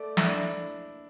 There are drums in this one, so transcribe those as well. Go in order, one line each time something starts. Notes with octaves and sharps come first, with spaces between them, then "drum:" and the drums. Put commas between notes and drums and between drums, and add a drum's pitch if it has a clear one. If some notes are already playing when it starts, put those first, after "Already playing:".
Already playing: A3 D5
E4, drum: snare
D4
E4